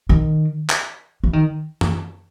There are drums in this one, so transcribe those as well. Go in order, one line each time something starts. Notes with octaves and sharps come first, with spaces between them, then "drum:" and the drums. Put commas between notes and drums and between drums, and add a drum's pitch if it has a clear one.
D#3
drum: clap
E3
D#3
drum: tom F#2